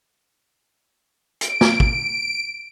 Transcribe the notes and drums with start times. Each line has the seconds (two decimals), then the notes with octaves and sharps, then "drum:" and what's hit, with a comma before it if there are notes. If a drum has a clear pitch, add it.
1.41 D7, drum: hi-hat
1.61 drum: snare
1.80 drum: kick